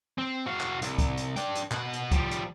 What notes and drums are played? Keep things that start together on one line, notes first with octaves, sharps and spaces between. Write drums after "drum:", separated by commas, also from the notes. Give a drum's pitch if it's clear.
C4
F#4 F5
drum: clap
C2, drum: hi-hat
drum: kick C2, hi-hat
drum: hi-hat
D4 G5, drum: hi-hat
drum: hi-hat
B2 F#5, drum: clap
drum: hi-hat
F3 G3, drum: kick C2, hi-hat
drum: hi-hat